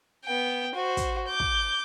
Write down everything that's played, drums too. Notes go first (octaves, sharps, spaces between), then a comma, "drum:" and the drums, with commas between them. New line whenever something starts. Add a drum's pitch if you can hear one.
B3 G5
F#4 C5
drum: kick, hi-hat
D6 G6
drum: kick